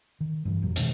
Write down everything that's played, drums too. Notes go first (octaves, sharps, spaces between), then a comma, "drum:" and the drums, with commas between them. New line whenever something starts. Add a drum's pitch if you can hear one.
D#3
G2 D3 E3
F1 F2 A#2 F#3
B2 D#3 G#3, drum: hi-hat